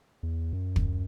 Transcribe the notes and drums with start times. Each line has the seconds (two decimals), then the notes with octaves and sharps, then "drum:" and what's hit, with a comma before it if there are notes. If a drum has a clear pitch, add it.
0.23 E2
0.53 F#2
0.76 drum: kick